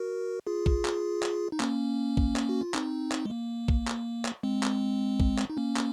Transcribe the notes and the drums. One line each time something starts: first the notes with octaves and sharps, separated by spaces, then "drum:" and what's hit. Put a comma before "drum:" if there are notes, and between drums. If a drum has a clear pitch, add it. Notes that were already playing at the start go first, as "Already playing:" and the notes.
Already playing: F#4 A#4
F4 G#4
drum: kick
drum: clap
drum: clap
D#4
A#3 C#4, drum: clap
drum: kick
drum: clap
F#4
F4
C4 D#4, drum: clap
drum: clap
G#3
A#3
drum: kick
drum: clap
drum: clap
G#3 C4
drum: clap
drum: kick
drum: clap
D#4
A#3 C#4
drum: clap